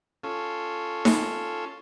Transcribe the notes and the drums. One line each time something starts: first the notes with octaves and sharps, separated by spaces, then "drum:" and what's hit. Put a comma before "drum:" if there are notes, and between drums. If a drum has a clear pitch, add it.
C#4 F4 A4
drum: snare D#4